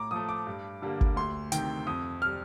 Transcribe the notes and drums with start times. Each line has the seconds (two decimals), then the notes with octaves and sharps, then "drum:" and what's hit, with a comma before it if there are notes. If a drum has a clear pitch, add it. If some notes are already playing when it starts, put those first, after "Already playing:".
Already playing: A2 A#5 D6
0.11 F3 A3 D#6
0.29 D6
0.47 G2
0.82 D3 G3 A#3
1.01 drum: kick G1
1.16 D2 C6
1.52 C3 D#3 G5, drum: hi-hat
1.87 F2 D#6
2.22 C3 G3 F6